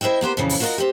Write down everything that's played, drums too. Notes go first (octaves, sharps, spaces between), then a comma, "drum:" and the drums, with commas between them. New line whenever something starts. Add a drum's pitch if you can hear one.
E4 C5 D#5 E5 G5
A#3 B3 G4 C5
F2 A#2 C#3 E3
drum: open hi-hat
F4 F#4 A#4 C5 D#5
C4 G4